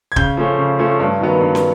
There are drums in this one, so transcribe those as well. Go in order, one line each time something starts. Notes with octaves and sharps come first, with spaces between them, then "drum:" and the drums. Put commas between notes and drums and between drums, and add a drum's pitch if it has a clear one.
G#6
C#3 G6, drum: kick
F3 A3 C#4
C#3
F3 A3 C#4
G2
D#3 F#3 B3
G2
drum: snare